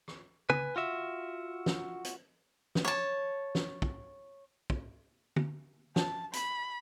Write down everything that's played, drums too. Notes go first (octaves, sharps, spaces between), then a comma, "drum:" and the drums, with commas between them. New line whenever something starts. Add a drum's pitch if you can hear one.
drum: rim click
B4 G#5, drum: tom
F4 F#4 E5
drum: snare
drum: hi-hat
drum: snare
C#5 A5
drum: snare
drum: kick
drum: kick
drum: tom
A5, drum: snare
B5, drum: hi-hat